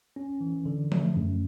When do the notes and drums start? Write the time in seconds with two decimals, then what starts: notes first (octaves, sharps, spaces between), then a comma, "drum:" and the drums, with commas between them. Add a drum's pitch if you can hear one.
0.16 C#4
0.41 E3
0.66 D3
0.92 A3, drum: tom F3
1.16 F#2